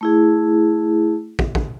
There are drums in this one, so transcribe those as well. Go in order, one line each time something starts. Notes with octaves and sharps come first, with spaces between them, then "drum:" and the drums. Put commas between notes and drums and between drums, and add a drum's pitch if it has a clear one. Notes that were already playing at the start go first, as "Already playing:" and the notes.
A3 E4 G#4
drum: kick
drum: kick